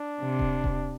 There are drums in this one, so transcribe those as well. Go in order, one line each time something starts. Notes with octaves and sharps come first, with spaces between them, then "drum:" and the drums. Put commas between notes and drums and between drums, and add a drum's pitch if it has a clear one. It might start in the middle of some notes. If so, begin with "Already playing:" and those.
Already playing: D4
C3
drum: kick D#1
drum: kick D#1